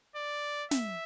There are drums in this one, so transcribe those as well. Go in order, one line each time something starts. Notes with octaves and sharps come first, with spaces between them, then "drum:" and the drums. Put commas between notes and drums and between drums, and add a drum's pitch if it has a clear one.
D5
E5, drum: snare